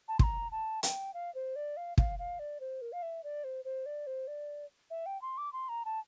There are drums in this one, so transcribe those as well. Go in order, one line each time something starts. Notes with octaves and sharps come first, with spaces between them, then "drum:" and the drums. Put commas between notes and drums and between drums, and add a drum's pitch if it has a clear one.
A5
C6, drum: kick
A#5
A5
G5, drum: hi-hat
F5
C5
D5
F5
F5, drum: kick
F5
D5
C5
A#4
F5
E5
D5
C5
C5
D5
C5
D5
E5
G5
C6
D6
C6
A#5
A5